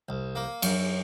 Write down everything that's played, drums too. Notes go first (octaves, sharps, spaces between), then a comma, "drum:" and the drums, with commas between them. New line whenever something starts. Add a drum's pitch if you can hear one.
C2
A#3
F#2, drum: cymbal